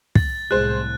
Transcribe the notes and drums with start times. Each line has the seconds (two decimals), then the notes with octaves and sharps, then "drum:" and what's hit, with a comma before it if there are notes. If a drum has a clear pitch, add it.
0.15 A6, drum: kick
0.51 C2 A2 G#3 C5 F#6